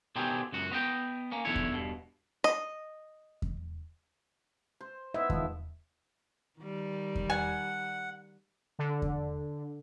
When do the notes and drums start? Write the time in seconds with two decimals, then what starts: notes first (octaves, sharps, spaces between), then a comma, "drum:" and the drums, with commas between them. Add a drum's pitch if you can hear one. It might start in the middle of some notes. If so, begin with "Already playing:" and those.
0.16 B2 D3 D#3 C4 G4 G#4
0.52 C#2 F#2 F#4
0.71 B3 D#5 G5
1.32 A#3 C#4
1.45 B1 E2 D3 E4 C#5
1.56 drum: kick E2
1.74 G2 B2
2.44 D#5
3.42 drum: kick E2
4.81 C5
5.14 B3 D#4 E4 E5
5.30 D#3 F3 G#3, drum: kick E2
6.60 D#3 G3
7.15 drum: kick E2
7.30 F#5 G#5
8.79 D3
9.02 drum: kick E2